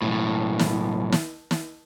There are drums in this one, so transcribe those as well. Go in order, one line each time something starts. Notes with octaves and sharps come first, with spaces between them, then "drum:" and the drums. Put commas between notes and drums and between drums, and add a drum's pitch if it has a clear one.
B1 A2
drum: snare
drum: snare
drum: snare